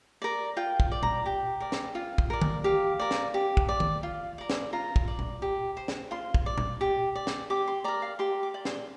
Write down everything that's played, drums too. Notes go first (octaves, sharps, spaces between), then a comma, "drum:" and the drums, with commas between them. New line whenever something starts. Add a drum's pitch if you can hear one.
A#4 D5
F4 G5
drum: kick
D5
A#5, drum: tom B2
G4 G5
A#4 D5
drum: snare
F4
drum: kick
A#4 D5
drum: tom D3
G4 F5
A#4 D5
drum: snare
G4
drum: kick
D5
drum: tom D#3
F4
A#4 D5
drum: snare
F4 A#5
drum: kick
D5
drum: tom B2
G4
C5
drum: snare
F4 C6
drum: kick
D5
drum: tom B2
G4
D5
drum: snare
G4 D6
C6
A#4 D5 A#5
F5
G4 C6
D6
D5
C6, drum: snare